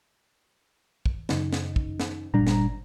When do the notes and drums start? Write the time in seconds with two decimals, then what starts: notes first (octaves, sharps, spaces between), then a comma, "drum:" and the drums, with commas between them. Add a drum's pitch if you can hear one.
1.06 drum: kick
1.29 F#2 C#3 D#4, drum: snare
1.53 drum: snare
1.76 drum: kick
2.00 drum: snare
2.34 G1 A#2 G3 D4 A#5
2.47 drum: snare